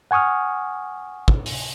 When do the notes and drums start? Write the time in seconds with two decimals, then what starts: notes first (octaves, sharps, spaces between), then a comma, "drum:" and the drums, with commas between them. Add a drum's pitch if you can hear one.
0.11 F#5 G#5 C#6 D#6 F6
1.28 drum: kick
1.46 drum: open hi-hat